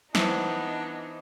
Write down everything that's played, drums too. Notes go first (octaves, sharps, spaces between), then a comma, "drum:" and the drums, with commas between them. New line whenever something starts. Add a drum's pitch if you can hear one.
E3 B3 D4 D#4 C5, drum: snare